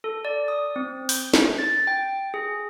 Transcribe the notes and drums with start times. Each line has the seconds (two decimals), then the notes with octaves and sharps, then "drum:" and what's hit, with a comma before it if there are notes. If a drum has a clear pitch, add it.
0.04 A4
0.25 D5
0.48 D#6
0.76 C4
1.09 G6, drum: open hi-hat
1.34 drum: snare
1.59 A6
1.87 G5
2.34 G#4